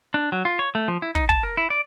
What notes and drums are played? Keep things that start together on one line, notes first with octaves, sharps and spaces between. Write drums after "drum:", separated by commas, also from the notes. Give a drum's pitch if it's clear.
D4
F#3
F4
C#5
A3
F3
E4
D#4, drum: kick
A5, drum: kick
A#4
E4
D5